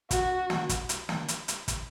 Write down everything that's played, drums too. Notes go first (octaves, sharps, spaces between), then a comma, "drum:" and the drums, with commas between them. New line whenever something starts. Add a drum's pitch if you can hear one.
F#4, drum: kick, hi-hat
drum: snare
drum: kick, hi-hat
drum: hi-hat
drum: snare
drum: hi-hat
drum: hi-hat
drum: kick, hi-hat